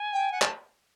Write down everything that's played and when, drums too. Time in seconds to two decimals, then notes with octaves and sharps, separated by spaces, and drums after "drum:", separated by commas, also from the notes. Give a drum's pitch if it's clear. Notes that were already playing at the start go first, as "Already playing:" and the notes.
Already playing: G#5
0.12 G5
0.32 F#5
0.42 A5, drum: clap